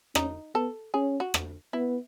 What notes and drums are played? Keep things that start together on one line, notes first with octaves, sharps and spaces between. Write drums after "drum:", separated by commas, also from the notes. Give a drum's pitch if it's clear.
C#4 D#4, drum: rim click
B3 A4
C#4 G#4
F#4
drum: rim click
B3 E4